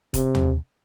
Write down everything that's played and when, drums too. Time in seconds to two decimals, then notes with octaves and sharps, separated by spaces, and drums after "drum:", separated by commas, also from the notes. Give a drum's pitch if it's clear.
0.14 C3, drum: kick E1, hi-hat
0.35 drum: tom